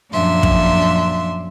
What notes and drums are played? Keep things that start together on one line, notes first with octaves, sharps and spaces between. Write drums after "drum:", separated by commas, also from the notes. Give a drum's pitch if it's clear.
F#2 A#2 F3 D4 E5 C6
drum: kick